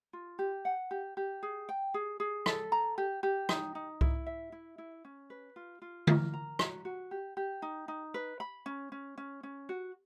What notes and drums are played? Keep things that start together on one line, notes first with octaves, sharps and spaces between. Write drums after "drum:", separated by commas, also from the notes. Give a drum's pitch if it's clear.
F4
G4
F#5
G4
G4
G#4
G5
G#4
G#4
A4, drum: rim click
A#5
G4
G4
D#4, drum: rim click
D#4
E4, drum: kick C2
E5
E4
E4
C#4
B4
F4
F4
A#4, drum: tom D3
A#5
F#4, drum: rim click
F#4
G4
G4
D#4
D#4
B4
B5
C#4
C#4
C#4
C#4
F#4